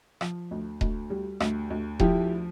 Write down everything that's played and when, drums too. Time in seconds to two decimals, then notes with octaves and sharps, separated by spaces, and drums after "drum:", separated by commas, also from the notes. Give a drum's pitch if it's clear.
0.21 F3, drum: rim click
0.51 D2
0.81 D2, drum: kick D#1
1.10 G3
1.40 D2, drum: rim click
1.70 D2
2.00 F3 E4 G4, drum: kick D#1